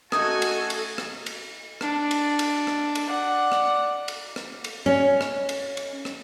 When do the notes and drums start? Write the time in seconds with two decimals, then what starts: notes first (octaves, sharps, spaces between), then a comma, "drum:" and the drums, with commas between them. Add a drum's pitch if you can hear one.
0.12 A3 C#4 D#4 F#4 A4 G#5 D#6, drum: rim click
0.42 drum: cymbal
0.70 drum: cymbal
0.98 drum: rim click
1.26 drum: cymbal
1.81 D4, drum: rim click
2.11 drum: cymbal
2.39 drum: cymbal
2.67 drum: rim click
2.95 drum: cymbal
3.09 D5 F#5
3.52 drum: rim click
4.08 drum: cymbal
4.36 drum: rim click
4.64 drum: cymbal
4.86 C#4
5.21 drum: rim click
5.49 drum: cymbal
5.77 drum: cymbal
6.05 drum: rim click